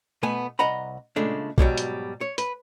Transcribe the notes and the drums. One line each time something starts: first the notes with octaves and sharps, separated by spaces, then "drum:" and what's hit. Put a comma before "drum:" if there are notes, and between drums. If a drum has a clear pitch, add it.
B2 A3 B3 G#5
C2 D#5 F#5 A#5 B5
A#2 C#3 G#3 A3 D4
G#2 B2 F#3 G3, drum: kick B1
drum: hi-hat
C#5
B4, drum: hi-hat